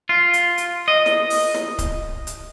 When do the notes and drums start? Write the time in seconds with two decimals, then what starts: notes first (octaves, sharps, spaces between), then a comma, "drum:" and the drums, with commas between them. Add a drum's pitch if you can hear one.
0.09 F4
0.33 drum: hi-hat
0.58 drum: hi-hat
0.88 D#5
1.06 drum: snare
1.30 drum: open hi-hat
1.54 drum: snare
1.78 drum: kick C#1, hi-hat
2.27 drum: hi-hat